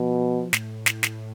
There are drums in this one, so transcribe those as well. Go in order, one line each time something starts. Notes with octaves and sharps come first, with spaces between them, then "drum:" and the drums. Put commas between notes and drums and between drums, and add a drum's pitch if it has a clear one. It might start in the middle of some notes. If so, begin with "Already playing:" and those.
Already playing: B2 F3
A2, drum: snare
drum: snare
drum: snare